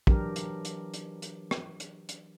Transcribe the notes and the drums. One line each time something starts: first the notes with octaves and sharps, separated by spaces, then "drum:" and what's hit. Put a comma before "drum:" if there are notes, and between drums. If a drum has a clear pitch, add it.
E3 F#3 D4 G4 A#4, drum: kick
drum: hi-hat
drum: hi-hat
drum: hi-hat
drum: hi-hat
drum: rim click
drum: hi-hat
drum: hi-hat